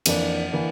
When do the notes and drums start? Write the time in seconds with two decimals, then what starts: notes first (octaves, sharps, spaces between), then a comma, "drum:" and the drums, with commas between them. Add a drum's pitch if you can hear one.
0.06 F2 E3 A#3 D4, drum: cymbal
0.51 E3 A#3 D4